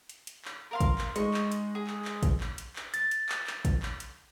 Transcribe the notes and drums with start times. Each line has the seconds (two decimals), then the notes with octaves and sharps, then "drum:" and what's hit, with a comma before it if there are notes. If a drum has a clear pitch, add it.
0.09 drum: hi-hat
0.27 drum: hi-hat
0.45 drum: clap
0.71 A#4 F5 C6
0.81 drum: kick, hi-hat
0.98 drum: clap
1.16 G#3 D#4 C#6, drum: hi-hat
1.34 drum: clap
1.52 drum: hi-hat
1.75 G#4
1.87 drum: clap
2.05 drum: clap
2.23 drum: kick, hi-hat
2.40 drum: clap
2.58 drum: hi-hat
2.76 drum: clap
2.94 A6, drum: hi-hat
3.11 drum: hi-hat
3.29 drum: clap
3.47 drum: clap
3.65 drum: kick, hi-hat
3.82 drum: clap
4.00 drum: hi-hat